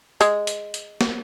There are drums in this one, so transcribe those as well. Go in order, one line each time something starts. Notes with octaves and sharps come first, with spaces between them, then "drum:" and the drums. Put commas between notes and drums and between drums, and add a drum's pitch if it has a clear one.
G#3, drum: hi-hat
drum: hi-hat
drum: hi-hat
drum: snare